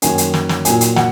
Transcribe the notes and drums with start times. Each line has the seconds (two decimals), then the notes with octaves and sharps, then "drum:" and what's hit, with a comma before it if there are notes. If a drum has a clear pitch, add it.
0.02 F#2 D#3 A#3 C#4 G#5, drum: hi-hat
0.18 drum: hi-hat
0.34 drum: snare
0.49 drum: snare
0.65 A#2 F#3 A#3 D#4 G#5, drum: hi-hat
0.81 drum: hi-hat
0.96 F#5, drum: snare